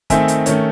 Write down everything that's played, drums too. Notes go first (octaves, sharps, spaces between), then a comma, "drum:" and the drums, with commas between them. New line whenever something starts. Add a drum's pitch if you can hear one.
D#3 A3 C4 D#4 E5 G#5, drum: kick, hi-hat
drum: hi-hat
D#3 A3 C#4, drum: hi-hat